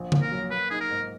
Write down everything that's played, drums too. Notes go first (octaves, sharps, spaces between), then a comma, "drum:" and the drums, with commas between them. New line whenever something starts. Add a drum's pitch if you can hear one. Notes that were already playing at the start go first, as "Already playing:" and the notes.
Already playing: A#1
A#2, drum: tom C#3
A#4
F#3
A#3 B4
D#4 G#4
A#4
G#2